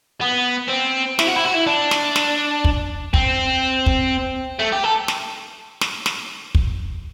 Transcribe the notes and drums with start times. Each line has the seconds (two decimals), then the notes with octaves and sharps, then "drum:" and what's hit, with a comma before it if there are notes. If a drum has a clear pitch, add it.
0.21 B3
0.70 C4
1.19 E4, drum: snare
1.27 F#4
1.36 E4
1.44 F#4
1.54 E4
1.67 D4
1.91 drum: snare
2.16 drum: snare
2.64 drum: kick
3.14 C4, drum: kick
3.86 drum: kick
4.59 A3
4.72 G4
4.84 A4
5.08 drum: snare
5.81 drum: snare
6.06 drum: snare
6.55 drum: kick